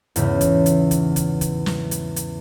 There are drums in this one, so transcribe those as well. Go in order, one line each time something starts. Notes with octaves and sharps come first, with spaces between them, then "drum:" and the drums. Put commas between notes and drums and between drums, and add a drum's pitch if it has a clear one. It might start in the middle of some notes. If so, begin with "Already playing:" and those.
E2 G#2 C#3, drum: hi-hat
drum: kick, hi-hat
drum: hi-hat
drum: kick, hi-hat
drum: kick, hi-hat
drum: kick, hi-hat
drum: snare
drum: hi-hat
drum: hi-hat